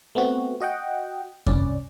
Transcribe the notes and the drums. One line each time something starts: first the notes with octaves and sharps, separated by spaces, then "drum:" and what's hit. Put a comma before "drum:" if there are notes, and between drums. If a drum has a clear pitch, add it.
A3 B3 C4 F#4
F#4 D#5 F#5 G5
C2 G2 C#4 D5, drum: kick F2